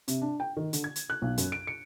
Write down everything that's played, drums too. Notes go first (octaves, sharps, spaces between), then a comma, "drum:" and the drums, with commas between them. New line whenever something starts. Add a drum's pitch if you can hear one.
C3, drum: hi-hat
D4
G5
D#3
D3, drum: hi-hat
G#6
drum: hi-hat
F#6
B1
F#2, drum: hi-hat
D7
C#7